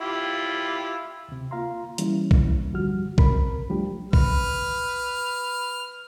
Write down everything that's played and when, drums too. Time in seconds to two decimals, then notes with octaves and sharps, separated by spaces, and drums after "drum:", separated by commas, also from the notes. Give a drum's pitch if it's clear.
0.01 E4 F4 G4
1.28 D2 C3
1.51 A#3 F4 F5 A#5 C6
1.98 E3 G3 A#3 C#4 E4, drum: hi-hat
2.31 drum: kick
2.73 G2 D3 F3 G3 F#4 F6
3.18 C3 C4 A#4 B5, drum: kick
3.70 F3 G3 A3 D4 G4
4.13 B4 F6, drum: kick